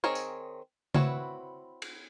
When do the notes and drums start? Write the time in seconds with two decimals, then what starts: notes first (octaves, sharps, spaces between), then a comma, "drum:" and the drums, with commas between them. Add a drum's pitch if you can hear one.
0.04 D#3 C4 G#4 A#4 C#5
0.15 drum: tambourine
0.94 C4 E4 F#4 B4 C#5, drum: tom C#3
1.82 drum: cymbal